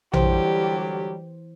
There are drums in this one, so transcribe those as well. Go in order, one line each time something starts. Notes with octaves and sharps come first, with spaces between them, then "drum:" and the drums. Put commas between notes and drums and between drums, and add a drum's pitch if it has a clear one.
D3 E3 F#3 G3 G4 C5, drum: tom A#1